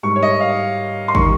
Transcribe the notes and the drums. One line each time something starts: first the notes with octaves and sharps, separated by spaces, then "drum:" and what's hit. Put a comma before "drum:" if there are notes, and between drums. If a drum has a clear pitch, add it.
G#2 G3 C#6
C#5
D#5
F5
C6
D#3 G3 C#6, drum: kick